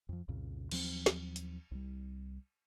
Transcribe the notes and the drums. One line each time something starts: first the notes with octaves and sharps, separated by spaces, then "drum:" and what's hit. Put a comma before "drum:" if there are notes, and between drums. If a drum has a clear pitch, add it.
F2 F3
C2 F2 A#2 C#3
D#2 F3 F#3 C4, drum: cymbal
drum: snare
drum: hi-hat
C2 G3